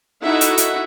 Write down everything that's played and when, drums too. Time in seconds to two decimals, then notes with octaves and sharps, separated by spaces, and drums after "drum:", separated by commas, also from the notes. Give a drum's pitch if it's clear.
0.24 D#4 E4 F#4 A4 E5 F#5
0.41 drum: hi-hat
0.58 drum: hi-hat